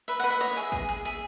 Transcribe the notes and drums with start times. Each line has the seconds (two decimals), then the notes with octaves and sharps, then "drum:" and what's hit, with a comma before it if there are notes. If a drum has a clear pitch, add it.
0.08 B4 E5
0.20 F#5
0.24 B4
0.30 E5
0.40 C#5 D#5, drum: snare
0.57 G#4 E5
0.72 G#4, drum: kick
0.89 G#4
1.05 G#4 E5